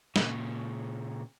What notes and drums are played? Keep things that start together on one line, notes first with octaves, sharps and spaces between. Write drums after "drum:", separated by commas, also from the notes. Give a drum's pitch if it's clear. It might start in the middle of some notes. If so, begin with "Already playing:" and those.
A#2 C#3, drum: snare